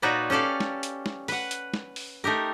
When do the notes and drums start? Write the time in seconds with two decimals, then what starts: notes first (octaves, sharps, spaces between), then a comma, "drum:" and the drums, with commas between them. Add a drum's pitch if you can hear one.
0.02 A#2 D#4 F#4 B4 C#5 D5
0.30 C#4 G4 A4 D5 F5
0.60 drum: snare
0.83 drum: hi-hat
1.06 drum: snare
1.28 B4 F#5, drum: open hi-hat
1.51 drum: hi-hat
1.74 drum: snare
1.96 drum: open hi-hat
2.24 A3 D#4 G4 A#4